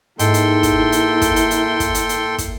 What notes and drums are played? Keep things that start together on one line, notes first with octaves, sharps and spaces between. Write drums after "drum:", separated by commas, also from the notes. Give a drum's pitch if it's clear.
G#2 A#3 E4 A4 G5 C6, drum: hi-hat
drum: hi-hat
drum: kick, hi-hat
drum: hi-hat
drum: kick, hi-hat
drum: hi-hat
drum: hi-hat
drum: kick, hi-hat
drum: hi-hat
drum: hi-hat
drum: kick, hi-hat